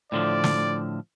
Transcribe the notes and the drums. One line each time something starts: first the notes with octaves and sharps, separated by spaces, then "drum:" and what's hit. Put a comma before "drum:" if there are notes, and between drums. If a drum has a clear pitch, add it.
A2 D3 F3 D5
drum: snare